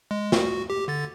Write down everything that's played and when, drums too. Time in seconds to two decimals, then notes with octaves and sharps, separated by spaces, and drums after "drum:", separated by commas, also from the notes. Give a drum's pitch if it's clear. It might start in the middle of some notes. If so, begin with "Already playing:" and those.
0.11 G#3
0.32 F#4, drum: snare
0.70 G4
0.88 D3 A6